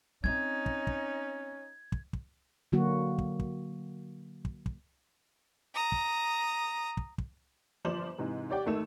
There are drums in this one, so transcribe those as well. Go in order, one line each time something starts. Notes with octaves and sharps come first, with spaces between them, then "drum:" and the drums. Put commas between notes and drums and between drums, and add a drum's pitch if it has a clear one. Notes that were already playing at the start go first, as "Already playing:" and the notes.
A3 C4 C#4 D#4 G#6
drum: kick
drum: kick
drum: kick
drum: kick
D3 F#3 A#3 F#4
drum: kick
drum: kick
drum: kick
drum: kick
A#5 D#6
drum: kick
drum: kick
drum: kick
G1 F3 C5 D5 E7 F#7
G#2 C3 E3
G4 C#5 D5 F#5 G5
G#1 D#3 A3 E6 E7